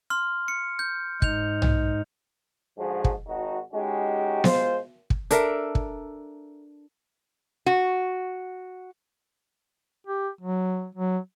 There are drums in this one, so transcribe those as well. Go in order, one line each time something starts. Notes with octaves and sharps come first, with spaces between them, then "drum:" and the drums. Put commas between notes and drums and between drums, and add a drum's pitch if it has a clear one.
C6 F6
C#7
G6
G#2 D#4 G6 F7, drum: kick
drum: tom
G#2 D3 F3 F#4 G#4
drum: kick
G#1 D#4 F#4
G#3 C#4 D#4 F#4 G4
G#3 F4 C5, drum: snare B3
drum: kick
D4 A4 A#4 E5, drum: hi-hat
drum: kick
F#4
G4
F#3
F#3